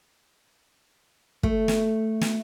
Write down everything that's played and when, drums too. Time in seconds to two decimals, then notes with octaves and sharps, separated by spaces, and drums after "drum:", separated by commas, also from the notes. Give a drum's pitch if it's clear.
1.43 A3, drum: kick
1.68 drum: snare
2.21 drum: snare